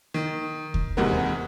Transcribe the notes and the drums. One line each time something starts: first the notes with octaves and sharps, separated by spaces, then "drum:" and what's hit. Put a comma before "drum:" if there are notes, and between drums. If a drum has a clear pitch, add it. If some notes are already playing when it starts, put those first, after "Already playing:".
D#3
drum: kick D2
E2 G#2 C3 F#4 A#4